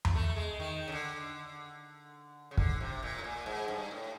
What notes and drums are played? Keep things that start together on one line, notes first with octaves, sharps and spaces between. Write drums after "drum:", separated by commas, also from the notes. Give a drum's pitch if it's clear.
drum: tom E2
A3
G#3
D#3
C#3
D3
C#3
D3, drum: kick
C3
A#2
A2
A#2
G#2
G2
A2